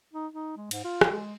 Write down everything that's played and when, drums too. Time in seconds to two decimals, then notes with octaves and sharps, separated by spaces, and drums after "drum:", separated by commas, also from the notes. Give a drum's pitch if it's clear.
0.13 D#4
0.34 D#4
0.57 G#3
0.71 G#2, drum: cymbal
0.85 F4
1.01 drum: rim click
1.11 G#3